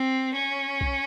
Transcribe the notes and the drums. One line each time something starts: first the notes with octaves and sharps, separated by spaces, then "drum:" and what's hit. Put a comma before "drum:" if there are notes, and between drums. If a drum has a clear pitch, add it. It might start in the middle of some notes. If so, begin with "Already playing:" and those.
Already playing: C4
C#4
drum: kick B1